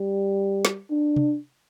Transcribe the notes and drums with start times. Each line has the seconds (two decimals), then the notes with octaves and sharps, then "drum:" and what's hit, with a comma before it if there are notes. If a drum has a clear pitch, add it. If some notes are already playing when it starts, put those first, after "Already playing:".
Already playing: G3
0.65 drum: snare
0.91 D4
1.16 drum: tom C3